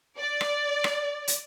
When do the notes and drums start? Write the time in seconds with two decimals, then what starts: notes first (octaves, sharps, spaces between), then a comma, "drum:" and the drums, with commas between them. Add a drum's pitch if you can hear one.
0.19 D5
0.41 drum: rim click
0.84 drum: rim click
1.28 drum: hi-hat